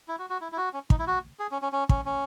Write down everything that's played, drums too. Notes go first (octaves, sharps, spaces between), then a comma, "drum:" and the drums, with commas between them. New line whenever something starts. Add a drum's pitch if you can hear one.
E4
F#4
F#4
E4
E4
F#4
C#4
D#4, drum: kick
E4
F#4
G#4
C#4
C#4
C#4
C#4, drum: kick
C#4